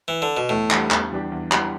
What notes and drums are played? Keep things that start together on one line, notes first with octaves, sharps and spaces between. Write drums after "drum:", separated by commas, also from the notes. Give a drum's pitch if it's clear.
E3
D3
B2
E2 A2
E3 G3 D4 G4, drum: clap
E2, drum: clap
E3 G3 D4 G4
E2
E3 G3 D4 G4, drum: clap